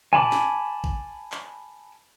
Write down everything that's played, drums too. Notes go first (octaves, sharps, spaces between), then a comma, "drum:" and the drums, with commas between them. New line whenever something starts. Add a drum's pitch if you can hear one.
G#5 A5 B5 D6, drum: tom
drum: snare
drum: kick A1
drum: clap